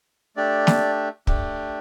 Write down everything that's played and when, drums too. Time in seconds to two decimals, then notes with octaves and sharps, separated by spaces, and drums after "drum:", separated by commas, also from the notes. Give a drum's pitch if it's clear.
0.37 A3 D4 G4 D5
0.67 drum: snare
1.27 A3 D4 G4, drum: kick